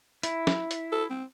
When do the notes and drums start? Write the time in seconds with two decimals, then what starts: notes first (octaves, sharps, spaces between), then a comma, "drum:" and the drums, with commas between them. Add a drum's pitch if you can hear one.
0.23 E4, drum: hi-hat
0.47 drum: snare
0.71 drum: hi-hat
0.92 A4
1.10 C4